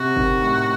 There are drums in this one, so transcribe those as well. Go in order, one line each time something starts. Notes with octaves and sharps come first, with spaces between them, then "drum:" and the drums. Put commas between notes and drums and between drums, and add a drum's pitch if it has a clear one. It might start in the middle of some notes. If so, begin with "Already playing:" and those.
Already playing: C3 F#4
D#3, drum: kick
A2